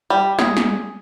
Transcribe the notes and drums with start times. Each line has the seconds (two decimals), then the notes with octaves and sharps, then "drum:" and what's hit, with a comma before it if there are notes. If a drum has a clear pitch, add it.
0.10 G3
0.39 G#4, drum: snare
0.57 drum: snare